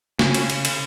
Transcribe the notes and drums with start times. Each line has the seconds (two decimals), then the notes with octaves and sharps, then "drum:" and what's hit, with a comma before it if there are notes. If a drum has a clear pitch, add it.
0.19 C#3, drum: snare
0.34 drum: cymbal
0.50 drum: cymbal
0.65 drum: cymbal